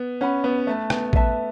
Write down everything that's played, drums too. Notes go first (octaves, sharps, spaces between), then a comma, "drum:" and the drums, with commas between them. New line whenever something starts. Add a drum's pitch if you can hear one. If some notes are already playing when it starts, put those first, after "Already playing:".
Already playing: B3
C#4 B4 F#5 B5
B3
A3 B4 E5 A5
B3, drum: rim click
B4 E5 A5, drum: kick